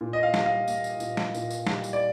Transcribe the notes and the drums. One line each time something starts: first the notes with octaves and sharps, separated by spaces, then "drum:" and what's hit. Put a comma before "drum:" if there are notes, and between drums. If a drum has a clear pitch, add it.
A#2
D#5
F5
G3, drum: snare
F5
A#3, drum: tambourine
drum: tambourine
A#2, drum: tambourine
drum: snare
A#2, drum: tambourine
drum: tambourine
G3, drum: snare
drum: tambourine
D5